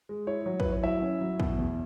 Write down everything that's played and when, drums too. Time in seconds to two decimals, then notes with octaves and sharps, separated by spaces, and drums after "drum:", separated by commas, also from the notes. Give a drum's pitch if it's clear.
0.09 G#3
0.27 E4 C#5
0.46 F#3
0.60 B4, drum: kick
0.65 E4
0.72 C#5
0.83 F#3 E4 E5
1.02 C#4
1.21 F#3
1.40 B2, drum: kick
1.58 E2